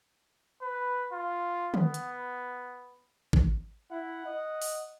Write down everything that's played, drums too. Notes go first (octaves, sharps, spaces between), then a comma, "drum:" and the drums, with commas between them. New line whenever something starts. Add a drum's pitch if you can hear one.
B4
F4
B3, drum: tom
drum: hi-hat
drum: kick G#1
E4 F#5
D#5
drum: open hi-hat